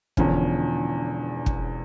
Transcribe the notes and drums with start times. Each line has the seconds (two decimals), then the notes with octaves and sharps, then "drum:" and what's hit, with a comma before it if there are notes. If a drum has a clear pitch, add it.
0.17 E1 E2 D3 F3 C#4, drum: kick
1.46 drum: kick